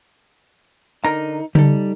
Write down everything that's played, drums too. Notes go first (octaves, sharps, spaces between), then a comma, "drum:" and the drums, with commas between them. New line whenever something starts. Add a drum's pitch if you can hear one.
D3 D#4 A#4 A#5
G3 D#4 A4, drum: tom C#3